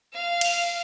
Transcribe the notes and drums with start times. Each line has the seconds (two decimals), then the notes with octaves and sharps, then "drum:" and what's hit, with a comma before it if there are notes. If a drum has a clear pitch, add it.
0.13 F5
0.41 drum: cymbal